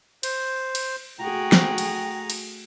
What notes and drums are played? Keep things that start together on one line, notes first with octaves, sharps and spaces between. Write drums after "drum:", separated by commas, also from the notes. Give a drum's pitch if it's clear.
C5, drum: cymbal
drum: cymbal
A3 F#4 G#4 G5 A#5
drum: snare
drum: cymbal
drum: cymbal